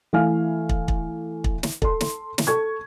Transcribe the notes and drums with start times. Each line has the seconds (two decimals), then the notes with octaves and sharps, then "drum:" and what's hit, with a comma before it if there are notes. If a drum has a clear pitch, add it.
0.13 E3 A3 E4 F5 G#5 F6
0.69 drum: kick
0.88 drum: kick
1.44 drum: kick
1.63 drum: snare
1.82 A4 C6, drum: kick
2.01 drum: snare
2.38 drum: snare
2.47 A4 C#6 G#6